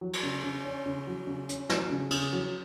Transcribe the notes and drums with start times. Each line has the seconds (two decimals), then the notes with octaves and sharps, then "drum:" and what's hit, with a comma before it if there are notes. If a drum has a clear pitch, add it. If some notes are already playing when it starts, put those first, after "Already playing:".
0.01 F#3
0.13 drum: cymbal
0.23 C#3
0.43 C#3
0.64 C#4
0.86 C#3
1.07 F#3
1.27 C#3
1.49 C#4, drum: hi-hat
1.69 F#3, drum: snare
1.90 C#3
2.11 C#3, drum: cymbal
2.33 F#3